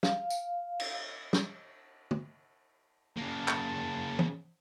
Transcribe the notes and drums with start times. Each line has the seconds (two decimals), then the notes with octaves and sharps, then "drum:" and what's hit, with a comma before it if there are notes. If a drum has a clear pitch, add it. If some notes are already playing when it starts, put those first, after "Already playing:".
0.03 F5, drum: snare
0.30 drum: tambourine
0.80 drum: cymbal
1.33 drum: snare
2.11 drum: tom
3.17 C#3 A#3 A5
3.48 drum: clap
4.19 drum: tom